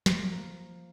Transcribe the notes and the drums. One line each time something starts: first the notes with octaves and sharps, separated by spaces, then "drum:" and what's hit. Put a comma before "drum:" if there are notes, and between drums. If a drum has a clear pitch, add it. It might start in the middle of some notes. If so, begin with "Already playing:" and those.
F3 A#6, drum: snare
A#3